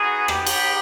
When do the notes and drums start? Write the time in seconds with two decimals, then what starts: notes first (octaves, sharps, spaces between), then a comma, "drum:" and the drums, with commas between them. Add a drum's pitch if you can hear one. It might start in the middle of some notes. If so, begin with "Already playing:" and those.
Already playing: B3 D#4 F#4 G#4
0.28 B3 D#4 G4, drum: rim click
0.46 drum: cymbal